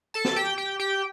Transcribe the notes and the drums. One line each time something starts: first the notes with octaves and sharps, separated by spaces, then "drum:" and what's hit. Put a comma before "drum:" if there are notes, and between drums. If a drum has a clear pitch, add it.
A4 A5
drum: snare
G4 G5
G4 G5
G4 G5